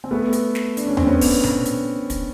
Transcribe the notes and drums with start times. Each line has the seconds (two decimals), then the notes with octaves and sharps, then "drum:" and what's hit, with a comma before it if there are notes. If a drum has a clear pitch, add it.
0.04 C4
0.11 A3 B3
0.33 drum: hi-hat
0.55 drum: snare
0.77 D4, drum: hi-hat
0.87 C#4
0.97 C4, drum: tom E2
1.07 B3 C#4
1.21 drum: kick, open hi-hat
1.43 drum: tom B2
1.66 drum: hi-hat
2.10 drum: kick, hi-hat